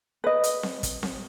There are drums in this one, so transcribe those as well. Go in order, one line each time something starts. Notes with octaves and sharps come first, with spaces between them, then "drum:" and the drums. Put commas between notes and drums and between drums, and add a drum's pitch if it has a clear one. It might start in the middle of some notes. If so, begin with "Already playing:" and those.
B4 D#5
drum: hi-hat
drum: snare C4
drum: kick, hi-hat
drum: snare C4